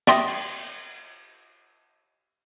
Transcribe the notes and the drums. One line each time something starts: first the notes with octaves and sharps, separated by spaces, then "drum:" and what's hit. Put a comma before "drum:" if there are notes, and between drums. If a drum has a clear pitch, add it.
D5 E5 G5 C6 D#6 A#6, drum: snare
drum: cymbal